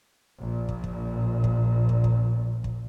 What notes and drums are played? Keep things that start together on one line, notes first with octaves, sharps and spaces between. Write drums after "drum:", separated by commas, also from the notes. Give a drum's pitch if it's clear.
A#1 A#2
drum: kick
drum: kick
drum: kick
drum: kick
drum: kick
drum: kick